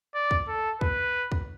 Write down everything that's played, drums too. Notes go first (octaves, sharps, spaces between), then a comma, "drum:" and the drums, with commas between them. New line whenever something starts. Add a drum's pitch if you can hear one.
D5
drum: kick
A4
B4, drum: kick
drum: kick